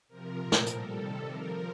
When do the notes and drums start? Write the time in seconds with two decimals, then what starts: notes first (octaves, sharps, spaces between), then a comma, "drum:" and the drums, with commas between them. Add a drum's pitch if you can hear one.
0.08 C3 F3 A#4
0.37 A#2 F3
0.52 drum: snare
0.66 A2 G3 A4, drum: hi-hat
0.96 C3 D#3 G3
1.25 C3 F3 A#4